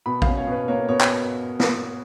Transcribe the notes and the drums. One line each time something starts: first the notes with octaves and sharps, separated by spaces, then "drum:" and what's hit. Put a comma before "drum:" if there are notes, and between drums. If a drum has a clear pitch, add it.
B2 B5
C#4 F5, drum: kick
C#5
B2 B4
A#3 C#5
B2 C#5
drum: clap
drum: snare